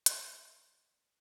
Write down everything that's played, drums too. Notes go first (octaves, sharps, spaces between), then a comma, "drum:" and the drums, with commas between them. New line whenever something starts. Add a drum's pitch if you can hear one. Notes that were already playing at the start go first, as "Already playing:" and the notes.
B4 D5, drum: hi-hat